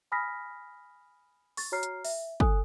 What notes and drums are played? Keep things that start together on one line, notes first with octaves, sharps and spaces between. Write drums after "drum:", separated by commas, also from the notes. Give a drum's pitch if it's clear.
G#5 B5 D#6 F6 A#6 B6
C#6 A6, drum: open hi-hat
F#4 C#5 A#5 F6 C7
drum: hi-hat
E5, drum: open hi-hat
A4 G#5 D#6 F#6, drum: kick